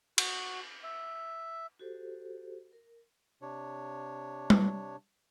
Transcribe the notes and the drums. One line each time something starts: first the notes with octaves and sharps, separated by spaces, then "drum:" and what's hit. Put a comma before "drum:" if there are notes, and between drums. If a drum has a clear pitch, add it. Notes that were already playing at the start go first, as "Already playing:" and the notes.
F#4, drum: cymbal
E5
F#4 G4 A4 C5
A#4
C3 D4 C#5
drum: tom G3